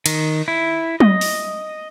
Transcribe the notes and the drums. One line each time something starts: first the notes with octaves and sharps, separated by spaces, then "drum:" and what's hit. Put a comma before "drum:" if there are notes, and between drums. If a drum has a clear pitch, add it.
D#3, drum: cymbal
E4
D#5, drum: tom F#3
drum: open hi-hat